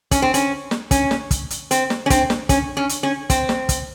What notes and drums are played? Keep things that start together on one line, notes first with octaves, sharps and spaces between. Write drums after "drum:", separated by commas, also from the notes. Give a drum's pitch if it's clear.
C#4, drum: kick, hi-hat
C4
C#4, drum: hi-hat
drum: snare
C#4, drum: kick, hi-hat
drum: snare
drum: kick, hi-hat
drum: hi-hat
C4, drum: hi-hat
drum: snare
C#4
C4, drum: kick, hi-hat
drum: snare
C#4, drum: kick, hi-hat
C#4
drum: hi-hat
C#4
C4, drum: kick, hi-hat
drum: snare
drum: kick, hi-hat